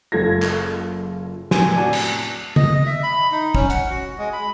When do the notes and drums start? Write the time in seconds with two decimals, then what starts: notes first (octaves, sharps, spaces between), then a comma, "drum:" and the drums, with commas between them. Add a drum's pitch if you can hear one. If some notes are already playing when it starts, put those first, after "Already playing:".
0.12 F#1 F4 A4 G#6 A#6
0.42 drum: clap
1.51 E2 A2 C3 F#4 A#4 G#5, drum: snare
1.76 D4 F#4 A5
1.93 drum: cymbal
2.56 D#5, drum: tom C#3
2.75 D#5
2.86 E5
3.03 B5
3.32 D#4
3.55 C#4, drum: kick
3.70 F#5, drum: hi-hat
3.90 F#4
4.18 G#3
4.33 B5